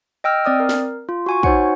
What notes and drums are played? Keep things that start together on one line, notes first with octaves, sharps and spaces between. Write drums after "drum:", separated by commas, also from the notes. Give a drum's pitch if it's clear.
D#5 G5 E6 F6
C4 D5 D#6 F6
A#4
drum: snare
F4
F#4 G#5 C#6
D#4 F#4 C5 C#5 F#5 G#5, drum: kick